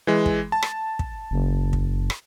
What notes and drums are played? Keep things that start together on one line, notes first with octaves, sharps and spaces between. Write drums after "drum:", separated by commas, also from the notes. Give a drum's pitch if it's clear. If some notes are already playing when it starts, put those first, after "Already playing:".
E3 G#3
drum: kick
A5
drum: rim click
drum: kick
F#1
drum: kick
drum: rim click